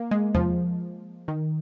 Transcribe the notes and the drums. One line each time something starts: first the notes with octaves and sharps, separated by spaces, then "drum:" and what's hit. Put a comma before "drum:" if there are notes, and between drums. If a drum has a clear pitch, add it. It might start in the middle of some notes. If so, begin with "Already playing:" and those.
Already playing: A#3
G#3
F3, drum: tom E2
D#3